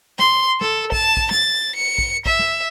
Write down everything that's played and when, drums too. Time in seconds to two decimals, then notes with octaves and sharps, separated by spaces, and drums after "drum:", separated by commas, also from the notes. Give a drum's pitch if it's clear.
0.19 C6, drum: snare
0.61 A4, drum: snare
0.92 A5, drum: kick A#1
1.17 drum: kick A#1
1.31 A6, drum: snare
1.75 C#7
1.98 drum: kick A#1
2.26 E5, drum: kick A#1
2.39 drum: snare